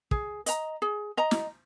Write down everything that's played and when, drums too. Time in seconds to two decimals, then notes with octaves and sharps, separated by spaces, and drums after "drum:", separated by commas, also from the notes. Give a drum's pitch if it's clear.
0.11 G#4, drum: kick
0.46 D#5 A#5, drum: hi-hat
0.82 G#4
1.17 D#5 A#5
1.31 drum: snare